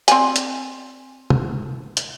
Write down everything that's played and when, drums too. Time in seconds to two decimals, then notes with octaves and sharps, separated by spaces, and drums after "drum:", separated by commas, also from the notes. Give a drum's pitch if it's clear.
0.08 C4 D5 G#5, drum: hi-hat
0.36 drum: hi-hat
1.30 drum: tom
1.97 drum: hi-hat